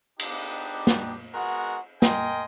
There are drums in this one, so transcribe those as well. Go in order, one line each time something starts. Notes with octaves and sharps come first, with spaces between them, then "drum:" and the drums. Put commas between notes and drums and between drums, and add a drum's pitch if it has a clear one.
B3 D4 D#4 G4, drum: cymbal
drum: snare
G#3 B3 F#4 A#4 F#5
A#4 D#5 G5 G#5 C6, drum: snare